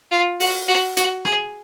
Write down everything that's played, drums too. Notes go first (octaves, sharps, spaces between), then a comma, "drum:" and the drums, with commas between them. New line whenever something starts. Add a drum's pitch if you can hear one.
F4
F#4, drum: open hi-hat
F#4
F#4, drum: hi-hat
G#4, drum: rim click